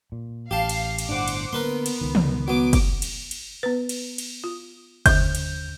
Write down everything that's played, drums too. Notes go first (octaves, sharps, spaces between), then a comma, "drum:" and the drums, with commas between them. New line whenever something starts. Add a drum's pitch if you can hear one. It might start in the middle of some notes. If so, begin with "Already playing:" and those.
A#2
A1 G4 F5 A5
drum: cymbal
drum: cymbal
G1 A2 D4 C5 F#5 D6
drum: cymbal
D3 A#3 B3 A#4 B4 C6
drum: cymbal
C#2 D#3
drum: tom
F#3 B3 D6
drum: kick F#1, cymbal
drum: cymbal
drum: cymbal
B3 B4
drum: cymbal
drum: cymbal
F4
D#2 D3 G6, drum: kick F#1, cymbal
drum: cymbal